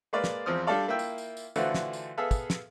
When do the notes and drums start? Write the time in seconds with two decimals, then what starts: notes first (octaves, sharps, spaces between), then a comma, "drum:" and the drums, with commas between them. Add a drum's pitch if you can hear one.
0.13 G#3 A#3 B4 D5 F5
0.24 drum: snare
0.46 E2 F3 C4 D#6 F6
0.67 G3 D4 F4 A4 D5 F5
0.88 A#3 E4 F4 E5 G5
0.99 drum: tambourine
1.18 drum: tambourine
1.37 drum: tambourine
1.56 D3 E3 A3 F4 F#4 C5, drum: tambourine
1.74 drum: snare
1.93 drum: tambourine
2.17 B3 G#4 A4 E5 F5
2.31 drum: kick, tambourine
2.50 drum: snare